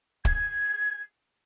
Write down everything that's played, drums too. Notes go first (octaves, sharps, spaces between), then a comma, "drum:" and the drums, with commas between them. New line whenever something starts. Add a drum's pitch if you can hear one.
G#6, drum: kick